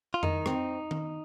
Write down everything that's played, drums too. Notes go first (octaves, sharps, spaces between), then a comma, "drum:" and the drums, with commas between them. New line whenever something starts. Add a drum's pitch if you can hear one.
F4
D#3 D#4, drum: tom F2
C4, drum: rim click
drum: tom D#3